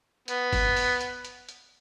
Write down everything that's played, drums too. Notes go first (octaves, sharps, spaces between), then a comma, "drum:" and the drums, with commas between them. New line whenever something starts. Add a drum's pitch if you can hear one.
B3, drum: hi-hat
drum: kick, open hi-hat
drum: open hi-hat
drum: hi-hat
drum: hi-hat
drum: hi-hat